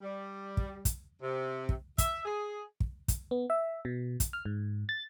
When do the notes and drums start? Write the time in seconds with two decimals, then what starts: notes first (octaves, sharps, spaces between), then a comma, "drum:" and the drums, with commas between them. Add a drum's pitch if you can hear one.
0.01 G3
0.57 drum: kick
0.85 drum: kick, hi-hat
1.22 C3
1.69 drum: kick
1.98 E5, drum: kick, hi-hat
2.25 G#4
2.80 drum: kick
3.08 drum: kick, hi-hat
3.31 B3
3.50 E5
3.85 B2
4.20 drum: kick, hi-hat
4.33 F6
4.45 G#2
4.89 A6